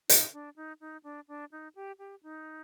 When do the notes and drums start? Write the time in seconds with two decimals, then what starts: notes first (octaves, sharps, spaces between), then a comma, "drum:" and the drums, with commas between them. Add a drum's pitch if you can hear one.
0.09 D#4, drum: hi-hat
0.33 D4
0.56 D#4
0.81 D#4
1.04 D4
1.28 D4
1.52 D#4
1.75 G4
1.99 G4
2.23 D#4